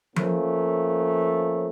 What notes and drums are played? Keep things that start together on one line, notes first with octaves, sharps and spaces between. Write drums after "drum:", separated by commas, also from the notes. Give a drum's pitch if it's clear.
F3 A3 A#3 C#4, drum: tom F3